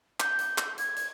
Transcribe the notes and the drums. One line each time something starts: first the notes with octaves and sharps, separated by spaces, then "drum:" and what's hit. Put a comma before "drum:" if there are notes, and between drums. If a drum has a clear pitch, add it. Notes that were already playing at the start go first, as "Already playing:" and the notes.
G6, drum: clap
drum: hi-hat
drum: clap
G#6, drum: hi-hat
drum: hi-hat